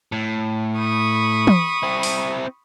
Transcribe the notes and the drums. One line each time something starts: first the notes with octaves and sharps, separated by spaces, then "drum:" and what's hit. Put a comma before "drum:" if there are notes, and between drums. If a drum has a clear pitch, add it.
A2
B5 C#6 D#6
drum: tom
C4 E4
drum: open hi-hat